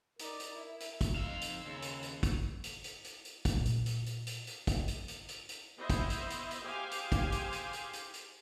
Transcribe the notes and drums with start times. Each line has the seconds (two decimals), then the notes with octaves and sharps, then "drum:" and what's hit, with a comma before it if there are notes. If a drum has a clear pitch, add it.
0.19 D#4 A#4 D5, drum: hi-hat
0.40 drum: hi-hat
0.54 E4
0.80 drum: hi-hat
1.01 drum: kick, hi-hat
1.16 F2 D#4 F5 C6 E6
1.41 drum: hi-hat
1.66 D#2 C#3
1.82 drum: hi-hat
2.03 drum: hi-hat
2.23 drum: kick, hi-hat
2.64 drum: hi-hat
2.84 drum: hi-hat
3.04 drum: hi-hat
3.25 drum: hi-hat
3.45 drum: kick, hi-hat
3.55 A#2 F4
3.66 drum: hi-hat
3.86 drum: hi-hat
4.06 drum: hi-hat
4.27 drum: hi-hat
4.47 drum: hi-hat
4.67 drum: kick, hi-hat
4.88 drum: hi-hat
5.08 drum: hi-hat
5.28 drum: hi-hat
5.49 drum: hi-hat
5.77 B3 E4 C5 D#5 E5
5.90 drum: kick, hi-hat
6.10 drum: hi-hat
6.30 drum: hi-hat
6.51 drum: hi-hat
6.63 G4 G#4 C5 F5 G#5
6.91 drum: hi-hat
7.12 drum: kick, hi-hat
7.32 drum: hi-hat
7.53 drum: hi-hat
7.73 drum: hi-hat
7.93 drum: hi-hat
8.14 drum: hi-hat